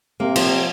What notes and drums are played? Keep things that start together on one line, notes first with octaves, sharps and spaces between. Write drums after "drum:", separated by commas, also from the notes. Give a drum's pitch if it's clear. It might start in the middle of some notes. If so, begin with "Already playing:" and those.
C3 A#3
F3, drum: cymbal